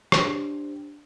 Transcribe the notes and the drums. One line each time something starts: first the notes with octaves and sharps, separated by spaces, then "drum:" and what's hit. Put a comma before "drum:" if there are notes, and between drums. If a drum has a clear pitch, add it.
D4 G4 C5, drum: rim click